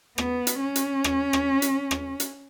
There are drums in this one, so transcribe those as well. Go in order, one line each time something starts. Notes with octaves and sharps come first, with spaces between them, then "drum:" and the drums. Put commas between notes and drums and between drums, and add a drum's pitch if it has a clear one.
B3, drum: rim click
drum: hi-hat
C#4
drum: hi-hat
drum: rim click
drum: rim click
drum: hi-hat
drum: rim click
drum: hi-hat